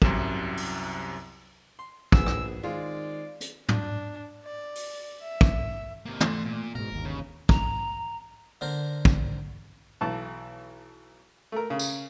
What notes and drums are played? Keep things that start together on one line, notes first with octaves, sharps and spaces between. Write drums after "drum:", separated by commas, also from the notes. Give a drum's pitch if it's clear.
C2 F#2 C3 E7, drum: kick
drum: open hi-hat
C6
A#1 B3 G#4 E6, drum: kick
drum: rim click
D#3 G#3 C4 F4 D5
drum: hi-hat
D4, drum: tom
D5
drum: open hi-hat
E5
drum: kick
C3 A#3
A3 D5 C6, drum: tom
A#2
G#2 B2 A#4
G1 D#2
C#3
A#5, drum: kick
D3 A#4 C5
drum: kick
B1 E3 A5
A3 A#4
C#3
drum: tambourine